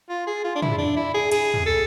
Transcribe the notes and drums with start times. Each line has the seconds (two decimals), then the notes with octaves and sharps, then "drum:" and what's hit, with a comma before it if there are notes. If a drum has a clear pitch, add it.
0.09 F4
0.27 G#4
0.45 F4
0.55 D4
0.62 E4, drum: tom
0.78 D4
0.96 E4
1.14 G#4
1.31 G#4, drum: cymbal
1.54 drum: tom
1.66 A4